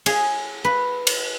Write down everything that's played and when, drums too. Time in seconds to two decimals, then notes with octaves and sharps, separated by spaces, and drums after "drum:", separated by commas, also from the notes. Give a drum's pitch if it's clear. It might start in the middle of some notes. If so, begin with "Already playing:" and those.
0.06 G#4, drum: cymbal
0.64 B4
1.07 drum: cymbal